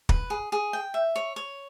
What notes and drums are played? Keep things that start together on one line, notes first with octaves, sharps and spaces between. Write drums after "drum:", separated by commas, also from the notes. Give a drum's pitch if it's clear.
B4, drum: kick
G#4
G#4
G5
E5
C#5
C#5